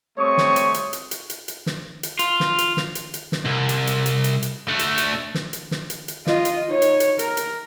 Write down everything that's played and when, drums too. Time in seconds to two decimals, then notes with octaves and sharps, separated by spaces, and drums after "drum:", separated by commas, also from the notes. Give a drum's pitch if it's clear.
0.18 G3 A3 C4 C#5 C#6 D#6
0.38 drum: snare
0.56 drum: hi-hat
0.74 drum: hi-hat
0.93 drum: hi-hat
1.11 drum: hi-hat
1.30 drum: hi-hat
1.48 drum: hi-hat
1.66 drum: snare
2.03 drum: hi-hat
2.19 F4, drum: hi-hat
2.40 drum: snare
2.58 drum: hi-hat
2.77 drum: snare
2.95 drum: hi-hat
3.14 drum: hi-hat
3.32 drum: snare
3.45 C2
3.69 drum: hi-hat
3.87 drum: hi-hat
4.06 drum: hi-hat
4.24 drum: hi-hat
4.42 drum: hi-hat
4.68 A3 D4
4.79 drum: hi-hat
4.98 drum: hi-hat
5.35 drum: snare
5.53 drum: hi-hat
5.71 drum: snare
5.90 drum: hi-hat
6.08 drum: hi-hat
6.27 F4 D#5, drum: snare
6.45 drum: hi-hat
6.68 D#4 C#5
6.82 drum: hi-hat
7.00 drum: hi-hat
7.19 A#4, drum: hi-hat
7.37 drum: hi-hat